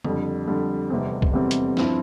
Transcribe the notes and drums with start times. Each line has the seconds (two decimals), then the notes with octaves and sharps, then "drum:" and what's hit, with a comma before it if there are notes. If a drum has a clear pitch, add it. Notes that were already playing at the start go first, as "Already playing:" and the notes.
0.04 F2 D3 G3, drum: tom C#3
0.48 F2 D3 G3
0.90 F1 E2 C3 G3 C4
1.22 drum: kick
1.33 F1 E2 C3 G3 C4
1.51 drum: hi-hat
1.77 G2 F3 C4 E4, drum: snare